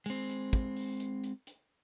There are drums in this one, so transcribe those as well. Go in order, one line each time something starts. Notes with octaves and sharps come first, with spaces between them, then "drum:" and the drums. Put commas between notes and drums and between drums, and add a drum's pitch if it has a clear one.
G#3 C4, drum: hi-hat
drum: hi-hat
drum: kick, hi-hat
drum: open hi-hat
drum: hi-hat
drum: hi-hat
drum: hi-hat